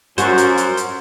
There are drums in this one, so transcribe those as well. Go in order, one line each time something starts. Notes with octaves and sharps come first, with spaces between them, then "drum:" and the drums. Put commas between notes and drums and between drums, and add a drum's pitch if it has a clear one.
F#2 F#4 C5, drum: hi-hat
drum: hi-hat
drum: hi-hat
drum: hi-hat